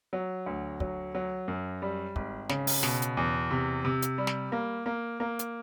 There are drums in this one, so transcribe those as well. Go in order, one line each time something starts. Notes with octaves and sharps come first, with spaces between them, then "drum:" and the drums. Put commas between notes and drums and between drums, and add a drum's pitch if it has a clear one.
F#3
D2
F#3, drum: kick
F#3
F#2
G3
G#1, drum: kick
C#3, drum: snare
drum: open hi-hat
B2, drum: snare
drum: hi-hat
E2
C3
C3
drum: hi-hat
G3
drum: snare
A#3
A#3
A#3
drum: hi-hat